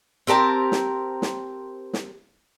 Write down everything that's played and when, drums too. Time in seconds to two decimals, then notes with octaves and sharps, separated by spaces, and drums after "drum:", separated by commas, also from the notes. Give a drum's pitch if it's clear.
0.27 C4 G4 A#4 A5
0.72 drum: snare
1.22 drum: snare
1.93 drum: snare